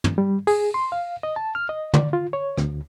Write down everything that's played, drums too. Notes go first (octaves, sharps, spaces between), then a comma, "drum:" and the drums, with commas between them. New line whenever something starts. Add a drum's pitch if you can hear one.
drum: tom
G3
G#4, drum: open hi-hat
C6
F5
D#5
A5
F6
D#5
D5, drum: tom
F4
C#5
D2, drum: rim click